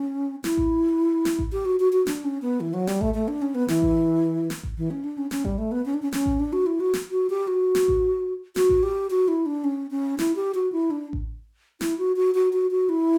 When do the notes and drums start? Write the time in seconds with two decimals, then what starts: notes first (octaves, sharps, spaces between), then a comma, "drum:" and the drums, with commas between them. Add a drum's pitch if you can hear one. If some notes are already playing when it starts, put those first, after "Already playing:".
Already playing: C#4
0.44 E4, drum: snare
0.57 drum: kick A1
1.25 drum: snare
1.39 drum: kick A1
1.52 G4
1.65 F#4
1.80 F#4
1.93 F#4
2.07 D4, drum: snare
2.24 C#4
2.42 B3
2.60 E3
2.74 F#3
2.87 G3, drum: snare
3.01 A3, drum: kick A1
3.14 A3
3.28 D4
3.42 C#4
3.55 B3
3.68 E3, drum: snare
3.82 drum: kick A1
4.50 drum: snare
4.63 drum: kick A1
4.78 E3
4.91 C#4
5.04 D4
5.18 C#4
5.31 C#4, drum: snare
5.45 G3, drum: kick A1
5.58 A3
5.72 B3
5.85 C#4
5.94 D4
6.02 C#4
6.12 C#4, drum: snare
6.26 drum: kick A1
6.40 D4
6.53 F#4
6.66 E4
6.80 F#4
6.94 drum: snare
7.11 F#4
7.30 G4
7.47 F#4
7.75 drum: snare
7.88 drum: kick A1
8.56 F#4, drum: snare
8.69 drum: kick A1
8.83 G4
9.10 F#4
9.28 E4
9.46 D4
9.64 C#4
9.91 C#4
10.19 E4, drum: snare
10.36 G4
10.55 F#4
10.72 E4
10.91 D4
11.13 drum: kick A1
11.81 E4, drum: snare
11.98 F#4
12.17 F#4
12.35 F#4
12.53 F#4
12.71 F#4
12.89 E4